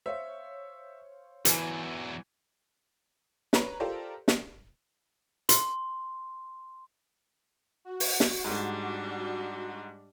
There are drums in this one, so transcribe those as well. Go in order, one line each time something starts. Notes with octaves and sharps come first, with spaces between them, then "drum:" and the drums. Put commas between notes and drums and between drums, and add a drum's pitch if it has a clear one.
C5 C#5 E5 F5
E2 E3 F#3 G#5, drum: hi-hat
B4 C#5 A#5 B5, drum: snare
F4 G4 A4 A#4 C5 D5
drum: snare
C6, drum: hi-hat
F#4
drum: open hi-hat
drum: snare
G#2 G3 D4